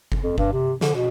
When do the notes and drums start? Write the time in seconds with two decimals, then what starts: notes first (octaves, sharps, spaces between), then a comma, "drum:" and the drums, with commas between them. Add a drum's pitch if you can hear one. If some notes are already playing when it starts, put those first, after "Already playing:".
0.12 drum: kick F#1
0.23 F2
0.38 G2, drum: kick F#1
0.53 C3
0.81 D3, drum: snare
0.95 B2